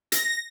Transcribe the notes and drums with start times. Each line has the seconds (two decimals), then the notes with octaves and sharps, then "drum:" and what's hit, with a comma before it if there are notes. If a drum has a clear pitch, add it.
0.12 A#6, drum: hi-hat